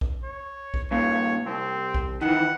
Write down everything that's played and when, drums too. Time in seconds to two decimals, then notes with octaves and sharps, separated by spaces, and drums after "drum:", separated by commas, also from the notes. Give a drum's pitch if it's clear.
0.01 drum: kick A#1
0.24 C#5
0.74 drum: kick A#1
0.91 G2 A#2 C#5
1.46 C2 C4
1.94 drum: kick A#1
2.21 D#3 E3 F#5